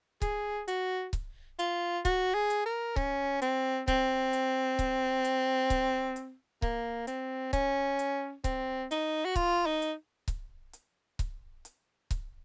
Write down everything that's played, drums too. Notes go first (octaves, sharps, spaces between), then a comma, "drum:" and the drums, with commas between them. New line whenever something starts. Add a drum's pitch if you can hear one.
G#4, drum: kick C#1, hi-hat
F#4, drum: hi-hat
drum: kick C#1, hi-hat
F4, drum: hi-hat
F#4, drum: kick C#1, hi-hat
G#4
drum: hi-hat
A#4
C#4, drum: kick C#1
C4, drum: hi-hat
C4, drum: kick C#1, hi-hat
drum: hi-hat
drum: kick C#1, hi-hat
drum: hi-hat
drum: kick C#1, hi-hat
drum: hi-hat
A#3, drum: kick C#1
C4, drum: hi-hat
C#4, drum: kick C#1, hi-hat
drum: hi-hat
C4, drum: kick C#1, hi-hat
D#4, drum: hi-hat
F#4
F4, drum: kick C#1, hi-hat
D#4
drum: hi-hat
drum: kick C#1, hi-hat
drum: hi-hat
drum: kick C#1, hi-hat
drum: hi-hat
drum: kick C#1, hi-hat